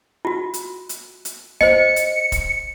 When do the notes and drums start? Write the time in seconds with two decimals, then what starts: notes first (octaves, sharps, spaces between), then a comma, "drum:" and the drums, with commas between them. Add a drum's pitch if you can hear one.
0.25 F4 F#4
0.54 drum: hi-hat
0.89 drum: hi-hat
1.25 drum: hi-hat
1.61 C5 D#5 C#7, drum: snare
1.96 drum: hi-hat
2.32 drum: kick, hi-hat